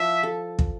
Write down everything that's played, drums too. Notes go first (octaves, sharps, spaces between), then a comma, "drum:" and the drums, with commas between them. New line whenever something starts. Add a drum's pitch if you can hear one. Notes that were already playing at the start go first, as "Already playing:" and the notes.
Already playing: F3 E4 E5
A4
drum: kick